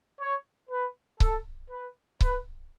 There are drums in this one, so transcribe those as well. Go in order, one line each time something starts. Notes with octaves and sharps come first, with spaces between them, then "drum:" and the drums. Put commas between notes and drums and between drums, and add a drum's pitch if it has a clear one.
C#5
B4
A4, drum: kick C#1
B4
B4, drum: kick C#1